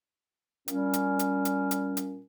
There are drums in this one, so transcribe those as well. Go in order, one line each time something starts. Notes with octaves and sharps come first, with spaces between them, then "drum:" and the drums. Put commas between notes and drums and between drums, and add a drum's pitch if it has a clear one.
A#2 G3 C#4, drum: hi-hat
drum: hi-hat
drum: hi-hat
drum: hi-hat
drum: hi-hat
drum: hi-hat